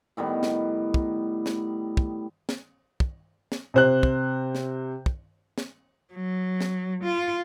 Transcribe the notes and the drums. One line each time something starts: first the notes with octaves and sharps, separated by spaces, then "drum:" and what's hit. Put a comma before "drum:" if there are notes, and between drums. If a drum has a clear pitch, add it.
A2 D#3 G3 B3
drum: snare
drum: kick
drum: snare
drum: kick
drum: snare
drum: kick
drum: snare
C3 C5 F#6
drum: kick
drum: snare
drum: kick
drum: snare
F#3
drum: snare
F4